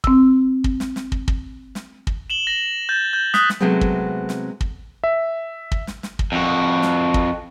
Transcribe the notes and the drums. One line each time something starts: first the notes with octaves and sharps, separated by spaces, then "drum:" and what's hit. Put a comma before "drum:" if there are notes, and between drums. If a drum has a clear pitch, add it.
C4 E6, drum: kick
drum: kick
drum: snare
drum: snare
drum: kick
drum: kick
drum: snare
drum: kick
E7 F#7 G7
A#6 F#7
G6 A6
G6
D#6 F#6 B6, drum: snare
drum: snare
C3 F#3 G#3 A3 B3 C4
drum: kick
drum: snare
drum: kick
E5
drum: kick
drum: snare
drum: snare
drum: kick
F2 F#4
drum: snare
drum: kick